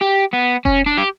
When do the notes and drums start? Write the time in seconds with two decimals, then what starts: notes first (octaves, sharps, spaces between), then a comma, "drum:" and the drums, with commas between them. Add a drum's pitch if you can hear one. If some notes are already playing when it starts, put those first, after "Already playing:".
0.01 G4
0.33 B3
0.65 C#4, drum: kick F1
0.86 D4
0.98 G4